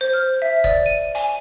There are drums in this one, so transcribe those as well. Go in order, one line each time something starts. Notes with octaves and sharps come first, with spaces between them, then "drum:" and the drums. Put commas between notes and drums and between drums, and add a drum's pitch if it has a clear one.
C5
F6
E5
D5, drum: kick
D#7
G#5, drum: hi-hat